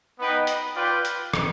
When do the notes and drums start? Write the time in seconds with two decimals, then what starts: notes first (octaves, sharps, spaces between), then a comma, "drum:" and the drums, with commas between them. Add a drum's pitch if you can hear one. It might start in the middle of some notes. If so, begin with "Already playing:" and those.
0.19 B3 D#4 B4 D#5 G5
0.47 drum: hi-hat
0.76 F4 B4 D5 G5
1.05 drum: hi-hat
1.34 drum: rim click